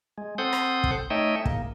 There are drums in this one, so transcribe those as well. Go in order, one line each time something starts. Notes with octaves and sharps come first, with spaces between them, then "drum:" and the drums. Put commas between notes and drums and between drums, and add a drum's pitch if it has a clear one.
G#3
C4 A4 C5 F#5 D#6 G6
drum: rim click
drum: kick
A3 D#4 C#5 D#5 E5 G5
G#2 A#3, drum: kick